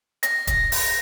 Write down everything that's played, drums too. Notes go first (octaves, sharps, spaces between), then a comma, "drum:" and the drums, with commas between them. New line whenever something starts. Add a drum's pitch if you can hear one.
A#6, drum: hi-hat
drum: kick, hi-hat
drum: open hi-hat